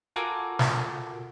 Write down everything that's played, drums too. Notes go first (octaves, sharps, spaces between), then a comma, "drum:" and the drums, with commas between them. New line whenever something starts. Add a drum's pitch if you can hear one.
F4 F#4 A4 A#4 G#5 D6
drum: snare